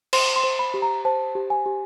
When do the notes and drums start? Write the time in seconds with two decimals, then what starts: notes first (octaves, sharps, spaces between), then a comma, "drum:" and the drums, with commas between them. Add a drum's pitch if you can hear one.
0.13 C5 C6, drum: cymbal
0.36 C6
0.43 C5
0.59 B5
0.74 G4
0.82 A#5
1.05 C5 A5
1.35 G4
1.50 G#5
1.66 G4